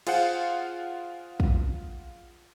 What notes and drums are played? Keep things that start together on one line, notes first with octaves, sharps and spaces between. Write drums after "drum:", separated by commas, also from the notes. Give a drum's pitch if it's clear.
F4 G#4 C5 F5 F#5, drum: cymbal
drum: kick